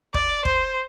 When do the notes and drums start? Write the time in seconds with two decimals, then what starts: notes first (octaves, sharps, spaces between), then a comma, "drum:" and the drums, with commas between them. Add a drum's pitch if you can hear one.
0.14 D5, drum: kick
0.45 C5, drum: kick